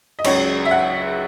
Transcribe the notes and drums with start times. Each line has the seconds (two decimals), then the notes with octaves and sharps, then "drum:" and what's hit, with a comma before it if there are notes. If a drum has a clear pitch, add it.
0.19 D#5
0.24 C#2 C#3 F#3 C#5, drum: cymbal
0.65 E5
0.71 F#5